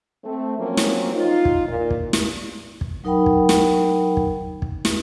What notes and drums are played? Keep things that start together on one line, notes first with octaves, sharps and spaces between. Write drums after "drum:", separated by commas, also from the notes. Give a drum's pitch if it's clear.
A3 C4
F3 F#3 A#3 C4 C#4 C#5
drum: snare
D#4 F4
drum: kick
A#2
drum: kick
drum: snare
drum: kick
F#3 D#4 A#4 F#5 G5 B5
drum: kick
drum: snare
drum: kick
drum: kick
drum: snare